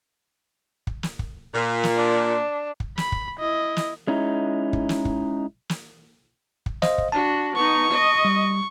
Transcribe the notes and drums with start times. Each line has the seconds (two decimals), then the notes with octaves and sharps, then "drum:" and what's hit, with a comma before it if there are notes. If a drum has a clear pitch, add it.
0.87 drum: kick
1.03 drum: snare
1.19 drum: kick
1.54 A#2
1.83 drum: snare
1.96 D4
2.80 drum: kick
2.98 B5, drum: snare
3.12 drum: kick
3.39 E4 D#5
3.76 drum: snare
4.07 G#3 C#4 D#4 E4
4.73 drum: kick
4.89 drum: snare
5.05 drum: kick
5.69 drum: snare
6.66 drum: kick
6.82 C5 D#5 F5, drum: snare
6.98 drum: kick
7.12 D4 F#4 A5
7.56 B3 D#4 C#6
7.91 D#5
8.25 G3